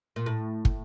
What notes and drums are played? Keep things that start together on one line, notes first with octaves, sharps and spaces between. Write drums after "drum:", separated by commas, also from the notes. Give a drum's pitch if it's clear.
A#2
A2
drum: kick